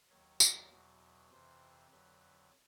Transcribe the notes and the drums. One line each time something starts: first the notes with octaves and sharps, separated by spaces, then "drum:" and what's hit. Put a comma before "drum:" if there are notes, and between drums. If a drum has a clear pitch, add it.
D#2 D#3 F#3 C#5
D5, drum: tambourine
E2 B2 F#3
F2 C3 E3 C5
F2 D3 F#3 B4
B4